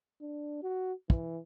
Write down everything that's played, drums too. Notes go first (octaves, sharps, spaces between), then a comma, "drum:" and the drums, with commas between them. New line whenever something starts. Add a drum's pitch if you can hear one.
D4
F#4
E3, drum: kick